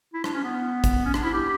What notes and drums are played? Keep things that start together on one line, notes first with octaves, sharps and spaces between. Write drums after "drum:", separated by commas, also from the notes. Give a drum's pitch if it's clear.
E4
D4, drum: rim click
C#4
B3
drum: kick A1, hi-hat
C#4
D4, drum: rim click
E4
G4